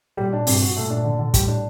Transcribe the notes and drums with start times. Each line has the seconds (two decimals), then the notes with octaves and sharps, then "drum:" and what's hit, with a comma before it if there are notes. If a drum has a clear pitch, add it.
0.17 A#2 G3
0.33 D4
0.47 G2 C3, drum: open hi-hat
0.61 F#4
0.76 A#2 A3
0.90 D4
1.04 A#2 D3
1.19 D3
1.34 A2 G3, drum: kick, hi-hat
1.48 D4